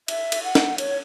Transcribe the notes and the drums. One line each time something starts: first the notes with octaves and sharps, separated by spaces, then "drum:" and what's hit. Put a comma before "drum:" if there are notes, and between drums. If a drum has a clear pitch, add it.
E5, drum: cymbal
drum: cymbal
F#5
drum: snare
C#5, drum: cymbal